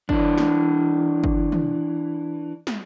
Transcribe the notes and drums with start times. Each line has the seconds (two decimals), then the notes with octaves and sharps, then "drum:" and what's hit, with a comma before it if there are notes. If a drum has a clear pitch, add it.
0.09 E3 D4, drum: kick
0.38 drum: snare
1.24 drum: kick
1.52 drum: tom
2.67 drum: snare